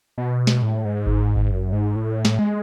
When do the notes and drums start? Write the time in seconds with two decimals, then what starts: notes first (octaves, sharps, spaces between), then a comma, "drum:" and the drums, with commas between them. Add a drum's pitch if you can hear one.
0.18 B2
0.47 drum: snare
0.63 A2
0.85 G#2
1.06 drum: kick G1
1.36 drum: kick G1
1.51 F#2
1.72 G#2
1.96 A2
2.25 drum: snare
2.39 G#3